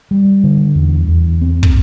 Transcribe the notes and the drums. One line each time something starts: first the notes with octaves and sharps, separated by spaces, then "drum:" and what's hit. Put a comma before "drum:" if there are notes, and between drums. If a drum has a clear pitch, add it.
G3
D3
E2
E2
C4
drum: kick